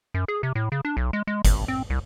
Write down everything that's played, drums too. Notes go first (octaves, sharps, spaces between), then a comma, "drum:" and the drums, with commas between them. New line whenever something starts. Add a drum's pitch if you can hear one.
F#2
G#4
C3
A2
C#3
D4
B1
G#3
G#3
G#1, drum: kick F#1, hi-hat
C4
C2